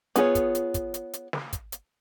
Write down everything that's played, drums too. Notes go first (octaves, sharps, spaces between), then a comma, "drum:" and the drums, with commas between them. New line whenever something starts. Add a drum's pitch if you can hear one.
B3 F4 G#4 A4 C#5, drum: hi-hat
drum: kick, hi-hat
drum: hi-hat
drum: kick, hi-hat
drum: hi-hat
drum: hi-hat
drum: snare
drum: kick, hi-hat
drum: hi-hat